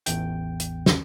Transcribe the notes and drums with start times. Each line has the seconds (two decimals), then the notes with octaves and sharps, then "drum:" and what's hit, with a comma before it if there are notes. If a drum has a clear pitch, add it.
0.06 A1 E2 G5, drum: hi-hat
0.60 drum: hi-hat
0.86 drum: snare